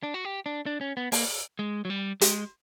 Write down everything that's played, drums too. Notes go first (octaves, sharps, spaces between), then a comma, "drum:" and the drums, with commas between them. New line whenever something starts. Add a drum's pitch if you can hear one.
D4
F#4
G4
D4
D4
C#4
B3
A#3, drum: open hi-hat
G#3
F#3
G3
G#3, drum: hi-hat